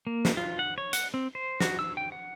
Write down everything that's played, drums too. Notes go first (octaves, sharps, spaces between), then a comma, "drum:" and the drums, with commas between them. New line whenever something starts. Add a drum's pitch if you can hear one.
A#3
drum: snare
F4
F#5
C#5
F#5, drum: hi-hat
C4
C5
F#4, drum: snare
E6
G5
F#5